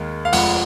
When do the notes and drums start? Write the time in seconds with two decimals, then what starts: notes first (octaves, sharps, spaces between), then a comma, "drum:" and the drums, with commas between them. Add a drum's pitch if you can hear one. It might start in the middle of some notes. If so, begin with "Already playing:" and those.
Already playing: D#2 D#3 G#3
0.25 F5
0.32 F1 F2 F3 G#3 F#5, drum: open hi-hat